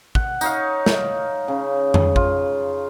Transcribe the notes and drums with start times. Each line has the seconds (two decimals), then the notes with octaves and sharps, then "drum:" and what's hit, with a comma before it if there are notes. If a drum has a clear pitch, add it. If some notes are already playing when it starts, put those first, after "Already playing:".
0.15 F#5, drum: kick
0.41 D#4 C#5 F5, drum: tambourine
0.86 drum: snare
1.48 C#3
1.94 drum: tom F2
2.16 F4, drum: kick